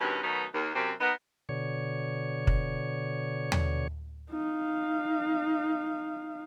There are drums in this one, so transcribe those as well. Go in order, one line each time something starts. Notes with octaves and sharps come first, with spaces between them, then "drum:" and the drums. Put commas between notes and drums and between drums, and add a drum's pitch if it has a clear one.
G2 B2 D#3 C4 C#4
B2 D#3 F#3 A3 B3 D#4
D#2
F#2 C3 C4
B3 D#4 A#4
B2 D3 C#5
drum: kick
drum: tom D#2
D#4 F5